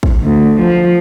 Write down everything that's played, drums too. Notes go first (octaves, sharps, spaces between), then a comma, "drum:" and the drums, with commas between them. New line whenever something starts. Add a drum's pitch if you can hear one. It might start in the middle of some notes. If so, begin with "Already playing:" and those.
drum: kick
D2
F3